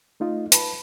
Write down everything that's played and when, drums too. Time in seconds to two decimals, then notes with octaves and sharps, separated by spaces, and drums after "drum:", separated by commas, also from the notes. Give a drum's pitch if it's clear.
0.20 A3 D#4 F4 D#5
0.52 B4 A5 B5, drum: hi-hat